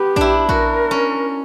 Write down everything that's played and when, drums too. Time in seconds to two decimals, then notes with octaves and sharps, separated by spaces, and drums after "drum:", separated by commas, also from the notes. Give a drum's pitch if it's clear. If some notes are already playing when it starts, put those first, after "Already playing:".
Already playing: B3 G4
0.16 D4 E4, drum: kick A#1
0.49 F#4 A#4, drum: kick A#1
0.91 C#4